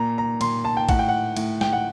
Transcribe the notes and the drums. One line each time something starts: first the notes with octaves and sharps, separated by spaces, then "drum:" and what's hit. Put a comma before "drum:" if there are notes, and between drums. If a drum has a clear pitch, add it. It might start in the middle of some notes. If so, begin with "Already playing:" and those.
Already playing: A#2 A#5
A#5
A#2 C6, drum: cymbal
A5
G5
A2 F#5, drum: kick, cymbal
G5
F#5
A2, drum: cymbal
G5, drum: snare
F#5